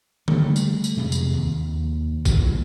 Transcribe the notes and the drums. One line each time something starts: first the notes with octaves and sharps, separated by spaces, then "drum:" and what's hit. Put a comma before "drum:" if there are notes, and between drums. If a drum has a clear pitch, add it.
G3 A3, drum: tom D3
drum: tambourine
drum: tambourine
F2 C3 G#3
drum: tambourine
D#2
D2 A#2 E3 G3, drum: kick A1, tambourine